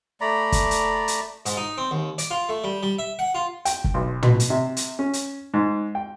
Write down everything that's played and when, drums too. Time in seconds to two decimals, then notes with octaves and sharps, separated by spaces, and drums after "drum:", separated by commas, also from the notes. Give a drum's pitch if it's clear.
0.21 A3 D5 A#5 B5
0.52 drum: kick, hi-hat
0.71 drum: hi-hat
1.08 drum: hi-hat
1.46 G#2, drum: hi-hat
1.57 D#4
1.78 C4
1.91 D#2
2.18 D5, drum: hi-hat
2.30 F4
2.49 A3
2.64 G3
2.83 G3
2.99 E5
3.19 F#5
3.35 F4
3.65 G5, drum: hi-hat
3.84 drum: kick
3.94 B1
4.23 B2, drum: tom
4.40 drum: hi-hat
4.50 C3
4.77 drum: hi-hat
4.99 C#4
5.13 drum: hi-hat
5.54 G#2
5.95 G5